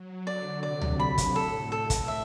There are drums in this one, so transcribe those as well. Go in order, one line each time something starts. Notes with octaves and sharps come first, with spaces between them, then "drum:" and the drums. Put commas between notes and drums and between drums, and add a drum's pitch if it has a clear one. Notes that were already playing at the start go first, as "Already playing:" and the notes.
Already playing: F#3
D3 D5
C3 D5
drum: tom C#2
B5
drum: kick, hi-hat
A2 A4
A4
drum: kick, hi-hat
E5